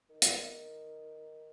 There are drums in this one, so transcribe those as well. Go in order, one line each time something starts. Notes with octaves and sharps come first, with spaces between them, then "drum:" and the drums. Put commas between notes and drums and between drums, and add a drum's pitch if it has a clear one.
D#3
drum: hi-hat